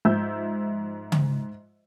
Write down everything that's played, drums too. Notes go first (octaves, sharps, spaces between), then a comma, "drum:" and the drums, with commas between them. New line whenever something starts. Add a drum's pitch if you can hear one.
G#2 F3 E5 E6 G6
drum: tom C#3